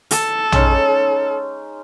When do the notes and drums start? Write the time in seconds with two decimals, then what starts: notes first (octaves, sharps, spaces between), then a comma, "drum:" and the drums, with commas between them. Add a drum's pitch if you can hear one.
0.11 A4, drum: hi-hat
0.52 G#3 C#4 D#4, drum: tom A#1